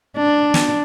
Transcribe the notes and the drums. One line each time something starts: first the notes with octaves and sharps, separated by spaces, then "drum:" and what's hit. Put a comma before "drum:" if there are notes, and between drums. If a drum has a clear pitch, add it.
D4
drum: snare